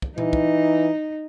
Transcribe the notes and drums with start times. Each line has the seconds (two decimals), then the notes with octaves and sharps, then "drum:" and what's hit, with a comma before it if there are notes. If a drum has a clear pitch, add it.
0.02 drum: kick
0.18 E3 D#4, drum: tom A#2
0.33 drum: kick